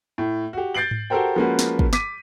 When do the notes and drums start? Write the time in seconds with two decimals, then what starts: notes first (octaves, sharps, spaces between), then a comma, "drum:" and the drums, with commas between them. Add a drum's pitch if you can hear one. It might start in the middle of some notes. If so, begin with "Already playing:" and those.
0.18 A2
0.53 F#4 G4
0.75 G6 A6 C7 D7 F#7
0.91 drum: tom G#2
1.10 F#4 G4 A4 A#4 C5 G5
1.36 F3 G#3 A#3 C#4 F#4 B4
1.59 drum: snare
1.79 drum: kick
1.93 D6 B6 D#7, drum: snare